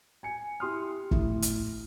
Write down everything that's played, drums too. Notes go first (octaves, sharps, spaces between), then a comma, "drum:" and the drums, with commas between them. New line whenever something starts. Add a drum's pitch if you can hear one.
G#5 C#7
E4 G4 C6 D#6 F6
A2, drum: kick
drum: hi-hat